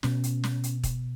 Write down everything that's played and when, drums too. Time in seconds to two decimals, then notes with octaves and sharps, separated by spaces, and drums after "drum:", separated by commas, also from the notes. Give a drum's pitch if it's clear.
0.03 B2 C#4, drum: snare
0.24 drum: hi-hat
0.44 drum: snare
0.64 drum: hi-hat
0.84 drum: kick, hi-hat